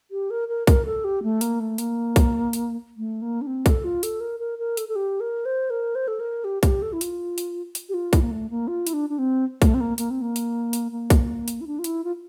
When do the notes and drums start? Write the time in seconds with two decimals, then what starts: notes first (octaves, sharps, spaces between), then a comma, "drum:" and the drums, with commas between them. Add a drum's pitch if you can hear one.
0.11 G4
0.30 A#4
0.48 A#4
0.67 A#4, drum: kick B1, hi-hat
0.85 A4
1.04 G4
1.23 A3
1.41 A#3, drum: hi-hat
1.60 A3
1.78 A#3, drum: hi-hat
2.16 drum: kick B1, hi-hat
2.53 drum: hi-hat
2.97 A3
3.22 A#3
3.41 D4
3.47 C4
3.66 A4, drum: kick B1, hi-hat
3.84 F4
4.03 A4, drum: hi-hat
4.20 A#4
4.39 A#4
4.59 A#4
4.77 A4, drum: hi-hat
4.88 A4
4.96 G4
5.20 A#4
5.45 C5
5.70 A#4
5.95 C5
6.08 A4
6.20 A#4
6.44 G4
6.63 G4, drum: kick B1, hi-hat
6.82 A4
6.93 E4
7.01 F4, drum: hi-hat
7.38 drum: hi-hat
7.75 drum: hi-hat
7.89 G4
7.94 F4
8.13 E4, drum: kick B1, hi-hat
8.22 A#3
8.31 A3
8.50 A#3
8.68 F4
8.87 E4, drum: hi-hat
8.93 D4
9.09 D4
9.18 C4
9.62 A3, drum: kick B1, hi-hat
9.74 C4
9.80 A#3
9.98 A#3, drum: hi-hat
10.10 C4
10.21 A#3
10.36 drum: hi-hat
10.73 drum: hi-hat
10.92 A#3
11.10 drum: kick B1, hi-hat
11.48 drum: hi-hat
11.61 E4
11.67 D4
11.79 F4
11.84 E4, drum: hi-hat
12.04 F4